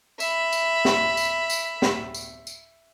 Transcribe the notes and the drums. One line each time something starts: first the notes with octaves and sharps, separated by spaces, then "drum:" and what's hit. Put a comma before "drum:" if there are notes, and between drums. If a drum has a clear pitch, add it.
E5 B5, drum: tambourine
drum: tambourine
drum: snare
drum: tambourine
drum: tambourine
drum: snare
drum: tambourine
drum: tambourine